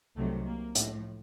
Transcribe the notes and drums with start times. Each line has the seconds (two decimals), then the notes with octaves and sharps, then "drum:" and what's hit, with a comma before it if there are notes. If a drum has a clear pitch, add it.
0.15 C2 C3 D#3 F#3 A3
0.46 A#3
0.75 A2 F3, drum: hi-hat